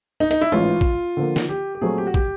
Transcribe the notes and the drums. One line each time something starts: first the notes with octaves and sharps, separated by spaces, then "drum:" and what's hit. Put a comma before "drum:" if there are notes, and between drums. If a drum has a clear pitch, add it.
D#4
D#4, drum: hi-hat
E4
A1 G#2 E3 F4
drum: kick
D3 F3 A#3
drum: snare
G4
G4
A#2 F#3 A3 C4 G#4
G4
F#4
G4, drum: kick